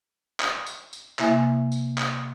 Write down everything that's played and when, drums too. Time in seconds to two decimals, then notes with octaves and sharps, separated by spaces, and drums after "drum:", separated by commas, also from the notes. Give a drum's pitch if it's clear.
0.40 drum: clap
0.66 drum: tambourine
0.93 drum: tambourine
1.19 C3 A#3 E4 E5 G#5, drum: clap
1.72 drum: tambourine
1.98 drum: clap